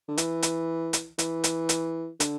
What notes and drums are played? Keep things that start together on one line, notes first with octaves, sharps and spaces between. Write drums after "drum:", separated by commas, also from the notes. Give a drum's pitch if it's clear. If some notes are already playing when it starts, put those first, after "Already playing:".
D3
E3, drum: hi-hat
drum: hi-hat
drum: hi-hat
E3, drum: hi-hat
drum: hi-hat
drum: hi-hat
D3, drum: hi-hat